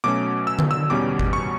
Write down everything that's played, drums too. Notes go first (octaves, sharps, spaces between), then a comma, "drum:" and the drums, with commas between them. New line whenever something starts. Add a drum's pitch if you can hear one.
B2 F#3 A3 C#4 D6
E6
drum: tom D3
E6
E2 B2 G3 C#4 D6
drum: kick G1
C#6